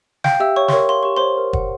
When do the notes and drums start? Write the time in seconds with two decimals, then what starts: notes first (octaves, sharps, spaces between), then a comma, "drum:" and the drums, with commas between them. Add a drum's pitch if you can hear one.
0.24 F5 G5 G6, drum: snare
0.40 G4 E5 E6
0.56 C#5 C#6
0.68 C6, drum: snare
0.73 A#4 C#5 C#6
0.89 F5 C6
1.03 G4 C#6
1.17 C5 C#5 C6
1.37 A#4
1.53 F#5, drum: kick